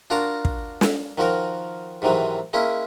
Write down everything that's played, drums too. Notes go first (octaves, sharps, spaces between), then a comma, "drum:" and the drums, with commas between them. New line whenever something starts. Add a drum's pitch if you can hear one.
D4 F4 F#4 A#4 A5 A#5
drum: kick
drum: snare
D#3 F3 F#4 A#4
G#2 C3 D#3 E3 F#3
G#3 A#3 C#4 E4